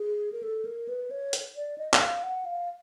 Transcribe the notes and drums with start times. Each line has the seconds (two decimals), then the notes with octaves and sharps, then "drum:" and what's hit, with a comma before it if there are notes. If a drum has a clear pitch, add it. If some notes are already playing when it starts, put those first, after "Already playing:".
Already playing: G#4
0.32 A#4
0.43 A4
0.65 A#4
0.88 B4
1.11 C#5
1.33 drum: hi-hat
1.56 D5
1.78 D#5
1.94 E5, drum: clap
2.01 F5
2.23 F#5
2.45 F5